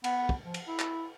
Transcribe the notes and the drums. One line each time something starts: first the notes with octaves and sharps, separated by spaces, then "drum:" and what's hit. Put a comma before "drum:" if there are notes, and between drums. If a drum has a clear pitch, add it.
B3, drum: cymbal
drum: kick
F3
drum: cymbal
E4
drum: clap